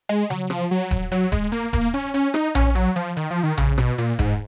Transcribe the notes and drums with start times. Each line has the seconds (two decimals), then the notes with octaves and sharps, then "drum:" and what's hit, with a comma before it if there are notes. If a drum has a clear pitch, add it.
0.09 G#3
0.30 F#3, drum: tom C#3
0.50 F3, drum: rim click
0.71 F#3
0.91 drum: kick D#1, hi-hat
1.12 F#3, drum: hi-hat
1.32 G#3, drum: kick D#1, hi-hat
1.52 A#3, drum: hi-hat
1.73 A#3, drum: kick D#1, hi-hat
1.94 C#4, drum: hi-hat
2.14 C#4, drum: hi-hat
2.34 D#4, drum: rim click
2.55 C#4, drum: tom A#1
2.75 F#3, drum: hi-hat
2.96 F3, drum: hi-hat
3.17 D#3, drum: hi-hat
3.30 F3
3.43 D#3
3.57 C#3, drum: tom A#1
3.78 B2, drum: rim click
3.98 A#2, drum: hi-hat
4.19 G#2, drum: kick D#1, hi-hat